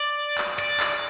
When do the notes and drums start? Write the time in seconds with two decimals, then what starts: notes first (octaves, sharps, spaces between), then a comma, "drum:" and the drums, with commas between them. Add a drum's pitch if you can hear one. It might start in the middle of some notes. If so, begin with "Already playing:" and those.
Already playing: D5
0.38 drum: clap
0.59 D5
0.80 drum: clap